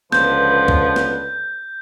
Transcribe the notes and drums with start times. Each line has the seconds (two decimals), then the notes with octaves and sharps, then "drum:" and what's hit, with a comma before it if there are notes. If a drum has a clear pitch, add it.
0.12 C#2 D3 F3 B4 G6, drum: snare
0.68 drum: kick
0.96 drum: snare